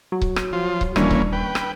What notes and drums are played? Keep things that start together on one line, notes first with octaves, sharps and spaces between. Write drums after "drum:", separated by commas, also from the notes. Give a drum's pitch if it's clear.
F#3
drum: kick C#1
drum: rim click
F3 F4
drum: kick C#1
D#1 D#3 E3 G3 A#3 C#4 D4, drum: rim click
drum: kick C#1
B4 G5
drum: rim click